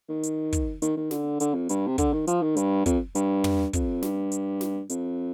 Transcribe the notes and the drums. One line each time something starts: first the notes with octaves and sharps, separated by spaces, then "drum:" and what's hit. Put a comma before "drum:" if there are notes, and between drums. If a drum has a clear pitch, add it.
D#3
drum: hi-hat
drum: kick, hi-hat
D#3, drum: hi-hat
D#3
D3, drum: snare
D3, drum: hi-hat
F2
G2, drum: hi-hat
C3
D3, drum: kick, hi-hat
D#3
F3, drum: hi-hat
D#3
G2, drum: hi-hat
F2, drum: kick, hi-hat
G2, drum: hi-hat
drum: tom
F2, drum: kick, hi-hat
G2, drum: snare
drum: hi-hat
drum: snare
F2, drum: hi-hat